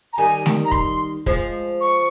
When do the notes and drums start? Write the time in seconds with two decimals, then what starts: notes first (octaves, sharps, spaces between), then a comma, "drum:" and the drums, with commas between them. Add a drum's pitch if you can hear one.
0.13 A#5
0.18 D#3 G3 G#5
0.46 drum: snare A3
0.65 A#5
0.72 C6, drum: kick
1.26 F3 G#3, drum: kick
1.81 C#6